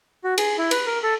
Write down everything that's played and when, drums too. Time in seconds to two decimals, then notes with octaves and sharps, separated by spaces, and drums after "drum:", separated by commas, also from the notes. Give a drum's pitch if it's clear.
0.24 F#4
0.38 G#4, drum: cymbal
0.58 E4
0.71 B4, drum: cymbal
0.86 A#4
1.03 A4